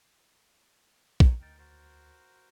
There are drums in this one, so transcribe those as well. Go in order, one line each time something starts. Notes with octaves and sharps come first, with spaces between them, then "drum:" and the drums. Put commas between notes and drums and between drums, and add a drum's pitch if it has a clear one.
D#4 C#5 G#5, drum: kick
D2 D#4 A#4 G5 A6
F#4 A#4 C5